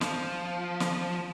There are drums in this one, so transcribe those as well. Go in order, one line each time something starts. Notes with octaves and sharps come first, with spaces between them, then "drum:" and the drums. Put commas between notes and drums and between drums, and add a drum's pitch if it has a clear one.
F3, drum: snare
drum: snare